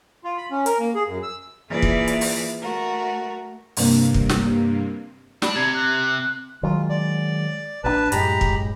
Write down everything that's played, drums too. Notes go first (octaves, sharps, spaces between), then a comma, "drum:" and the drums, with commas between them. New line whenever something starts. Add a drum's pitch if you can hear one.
F4
B5
C#4
A#4, drum: hi-hat
A#3
G#4
F#2
E6
E3 A#3 F4 G#4 D5 E5
drum: kick
drum: hi-hat
drum: open hi-hat
A3 F#4 A#4
G2 C3 A#3, drum: open hi-hat
drum: kick
drum: snare
D4 B5, drum: snare
C3 G#6
F#6
D#3 F#3 G#3 F4
D5
A#1 C#3 D4 B4 A5
F#2 A2 G#3 G4 A#5 B5, drum: hi-hat
drum: kick